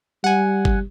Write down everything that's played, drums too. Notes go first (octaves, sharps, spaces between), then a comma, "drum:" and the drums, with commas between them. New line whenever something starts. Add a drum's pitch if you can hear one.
G3 F#5 G#5
drum: kick G1